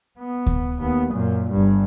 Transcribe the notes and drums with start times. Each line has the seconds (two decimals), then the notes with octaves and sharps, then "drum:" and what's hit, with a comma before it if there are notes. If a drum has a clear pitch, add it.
0.20 B3
0.46 drum: kick D2
0.79 D#2 B3
1.12 F#2 A#2
1.51 G1 G2